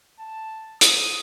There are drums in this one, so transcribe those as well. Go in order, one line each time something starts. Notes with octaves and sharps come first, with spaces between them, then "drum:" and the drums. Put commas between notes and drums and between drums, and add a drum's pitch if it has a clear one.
A5
D#6, drum: hi-hat